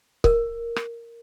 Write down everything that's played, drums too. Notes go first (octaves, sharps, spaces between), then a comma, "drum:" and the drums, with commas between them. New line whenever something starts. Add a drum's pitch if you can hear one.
A#4, drum: kick C#1
drum: rim click